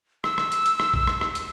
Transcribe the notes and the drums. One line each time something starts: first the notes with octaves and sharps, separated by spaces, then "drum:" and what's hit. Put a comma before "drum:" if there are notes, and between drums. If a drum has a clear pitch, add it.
E6, drum: rim click
drum: rim click
drum: hi-hat
drum: hi-hat
drum: rim click
drum: kick
drum: rim click
drum: rim click
drum: hi-hat